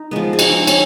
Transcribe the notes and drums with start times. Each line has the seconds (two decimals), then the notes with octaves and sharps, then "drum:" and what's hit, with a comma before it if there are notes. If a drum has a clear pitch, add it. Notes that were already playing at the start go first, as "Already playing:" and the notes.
Already playing: D#4
0.11 F3 G#3 B3
0.33 G#4
0.39 D#4 F#4, drum: cymbal
0.67 C#4, drum: cymbal